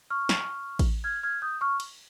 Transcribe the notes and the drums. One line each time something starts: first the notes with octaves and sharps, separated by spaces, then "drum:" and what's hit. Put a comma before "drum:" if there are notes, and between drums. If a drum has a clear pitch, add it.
C#6 F6
drum: snare
drum: kick A1, cymbal
F6 G#6
F6 G#6
D#6 G6
C#6 F6
drum: cymbal